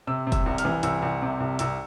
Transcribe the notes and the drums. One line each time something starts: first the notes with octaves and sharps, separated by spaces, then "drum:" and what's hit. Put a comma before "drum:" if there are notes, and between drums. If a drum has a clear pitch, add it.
C3 E6
C3
E6, drum: kick, hi-hat
C2
F6, drum: hi-hat
E3
C2 E6, drum: hi-hat
C2
C3
C2
C2 E6, drum: hi-hat